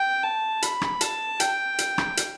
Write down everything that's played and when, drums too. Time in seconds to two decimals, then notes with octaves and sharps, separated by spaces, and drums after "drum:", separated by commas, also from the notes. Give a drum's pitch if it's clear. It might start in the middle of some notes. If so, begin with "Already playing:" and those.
Already playing: G5
0.23 A5
0.62 B5, drum: hi-hat
0.81 drum: rim click
1.01 A5, drum: hi-hat
1.40 G5, drum: hi-hat
1.79 drum: hi-hat
1.98 drum: rim click
2.17 drum: hi-hat